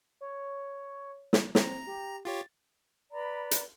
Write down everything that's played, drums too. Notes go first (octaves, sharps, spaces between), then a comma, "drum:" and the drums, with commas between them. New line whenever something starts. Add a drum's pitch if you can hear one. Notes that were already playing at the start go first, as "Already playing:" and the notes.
C#5
drum: snare
C4 A#5, drum: snare
G4
F4 G4 C#5 A6
B4 D5 A#5 B5
drum: hi-hat